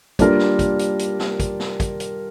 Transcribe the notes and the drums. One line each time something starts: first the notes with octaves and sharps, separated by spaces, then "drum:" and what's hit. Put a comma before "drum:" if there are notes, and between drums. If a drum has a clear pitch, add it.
G3 A#3 D4 F4 A#4, drum: kick, hi-hat
drum: snare
drum: kick, hi-hat
drum: hi-hat
drum: hi-hat
drum: snare
drum: kick, hi-hat
drum: snare
drum: kick, hi-hat
drum: hi-hat